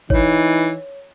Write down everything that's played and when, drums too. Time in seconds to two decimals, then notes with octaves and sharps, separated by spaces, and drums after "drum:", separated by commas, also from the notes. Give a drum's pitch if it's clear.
0.10 E3 D#4 C#5, drum: kick